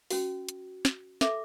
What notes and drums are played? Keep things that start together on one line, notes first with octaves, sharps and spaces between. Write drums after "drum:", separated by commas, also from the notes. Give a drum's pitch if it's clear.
C#4 F#4, drum: open hi-hat
drum: hi-hat
drum: snare
A4 E5 D6, drum: snare